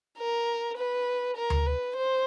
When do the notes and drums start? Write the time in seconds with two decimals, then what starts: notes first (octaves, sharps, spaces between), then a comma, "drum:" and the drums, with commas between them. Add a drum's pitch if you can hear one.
0.18 A#4
0.77 B4
1.37 A#4
1.50 drum: tom D2
1.66 B4
1.96 C5